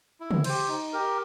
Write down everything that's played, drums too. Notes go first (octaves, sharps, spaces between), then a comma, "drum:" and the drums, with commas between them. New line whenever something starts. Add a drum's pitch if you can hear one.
E4
drum: tom C#3
G4 C5, drum: cymbal
D#4
G4 A#4